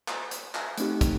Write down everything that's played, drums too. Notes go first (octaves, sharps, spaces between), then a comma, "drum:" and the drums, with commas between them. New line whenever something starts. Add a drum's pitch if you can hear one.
drum: clap
drum: hi-hat
drum: clap
A3 C4 D#4 G4, drum: hi-hat
drum: kick, hi-hat